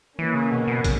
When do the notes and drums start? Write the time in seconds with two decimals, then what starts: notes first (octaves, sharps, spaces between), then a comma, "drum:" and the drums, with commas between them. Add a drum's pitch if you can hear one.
0.17 E3 A#3 C#4
0.34 C#3
0.51 B2
0.68 B2
0.84 drum: kick, hi-hat